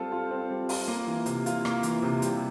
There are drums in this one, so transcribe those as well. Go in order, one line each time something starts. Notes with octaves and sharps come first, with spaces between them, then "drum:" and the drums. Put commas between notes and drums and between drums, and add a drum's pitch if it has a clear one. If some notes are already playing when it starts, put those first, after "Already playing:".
Already playing: G3 C4 F4 A4
F4
C4
G3
F4, drum: open hi-hat
A#3
E3
C3, drum: hi-hat
F4, drum: hi-hat
A#3, drum: rim click
E3, drum: hi-hat
C3
G3, drum: hi-hat